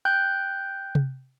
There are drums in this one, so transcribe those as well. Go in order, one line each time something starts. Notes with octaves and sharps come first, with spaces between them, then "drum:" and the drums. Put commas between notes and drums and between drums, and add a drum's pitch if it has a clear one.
G5 F#6 G6
drum: tom C3